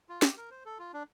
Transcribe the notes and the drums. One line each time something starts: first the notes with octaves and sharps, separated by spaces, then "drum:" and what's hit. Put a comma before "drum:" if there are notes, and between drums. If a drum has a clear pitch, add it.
F4
G4, drum: snare
A#4
C5
A4
F4
D4